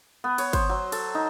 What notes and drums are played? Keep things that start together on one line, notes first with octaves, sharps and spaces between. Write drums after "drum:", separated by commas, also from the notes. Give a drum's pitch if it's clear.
B3
C#5, drum: cymbal
C5, drum: kick G#1, cymbal
F#3
A4, drum: cymbal
D#4